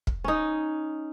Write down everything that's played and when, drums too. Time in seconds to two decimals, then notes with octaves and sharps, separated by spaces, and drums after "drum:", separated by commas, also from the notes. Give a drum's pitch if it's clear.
0.07 drum: kick
0.24 C#4 D#4